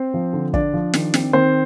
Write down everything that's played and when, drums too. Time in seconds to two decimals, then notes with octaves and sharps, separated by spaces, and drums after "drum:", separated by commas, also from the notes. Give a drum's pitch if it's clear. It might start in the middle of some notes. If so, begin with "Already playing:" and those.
Already playing: C4 C5
0.14 F3
0.33 D3
0.53 D4 D5, drum: kick
0.73 F3
0.94 D#3, drum: snare
1.14 C4, drum: snare
1.33 D#3 C4 C5